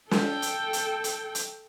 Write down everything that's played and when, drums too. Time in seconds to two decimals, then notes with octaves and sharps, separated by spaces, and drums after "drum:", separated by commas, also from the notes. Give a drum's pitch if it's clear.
0.11 A4 G5, drum: snare
0.42 drum: hi-hat
0.73 drum: hi-hat
1.04 drum: hi-hat
1.35 drum: hi-hat